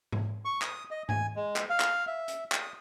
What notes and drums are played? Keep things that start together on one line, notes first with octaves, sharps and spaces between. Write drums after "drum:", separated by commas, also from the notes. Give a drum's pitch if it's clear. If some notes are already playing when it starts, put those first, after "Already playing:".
drum: tom G#2
C#6
D#6, drum: clap
D#5
G#5, drum: tom G#2
G#3
drum: clap
F5
drum: clap
E5
drum: hi-hat
D#6, drum: clap